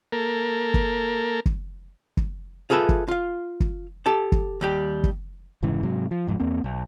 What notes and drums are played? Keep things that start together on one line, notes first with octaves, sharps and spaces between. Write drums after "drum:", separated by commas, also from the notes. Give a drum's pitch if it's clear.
A#3 A4 A#4
drum: kick
drum: kick
drum: kick
F4 G#4 A4 B4 E5
drum: kick
F4 F5
drum: kick
G4 A4 A5
drum: kick
D#2 G3 G4
drum: kick
F1 G#2 C#3 E3
G#2 C3 F#3
F3
F1 G#2 F3
E2 A#3 C4
B1